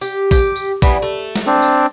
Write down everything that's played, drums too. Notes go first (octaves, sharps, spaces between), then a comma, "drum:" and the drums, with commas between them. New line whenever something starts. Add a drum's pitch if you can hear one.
G4, drum: tambourine
G4, drum: kick, tambourine
drum: tambourine
E3 G3 B3, drum: kick, tambourine
A3
drum: snare
C4 D4
drum: tambourine